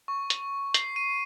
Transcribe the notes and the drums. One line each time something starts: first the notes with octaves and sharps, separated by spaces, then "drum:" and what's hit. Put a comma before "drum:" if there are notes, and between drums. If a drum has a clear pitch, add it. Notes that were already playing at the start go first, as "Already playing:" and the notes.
C#6
drum: hi-hat
C7, drum: hi-hat
D#7